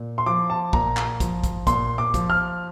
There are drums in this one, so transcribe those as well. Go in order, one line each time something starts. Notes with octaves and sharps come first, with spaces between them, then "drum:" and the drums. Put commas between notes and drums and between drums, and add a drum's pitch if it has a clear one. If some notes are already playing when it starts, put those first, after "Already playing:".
Already playing: A#2
C6
F3 D6
A5
A#2 A#5, drum: kick
drum: clap
F3, drum: kick, hi-hat
drum: kick, hi-hat
A#2 C6, drum: kick, hi-hat
D6
F3, drum: kick, hi-hat
F6